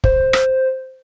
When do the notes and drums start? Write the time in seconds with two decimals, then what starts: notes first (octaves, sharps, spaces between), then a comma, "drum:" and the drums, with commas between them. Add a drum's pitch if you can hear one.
0.04 C5, drum: kick
0.33 drum: rim click